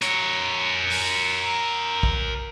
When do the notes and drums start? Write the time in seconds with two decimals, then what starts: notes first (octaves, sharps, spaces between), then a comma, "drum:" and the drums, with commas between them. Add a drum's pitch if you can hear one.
0.02 A#4 C#5, drum: hi-hat
0.90 drum: open hi-hat
2.03 drum: kick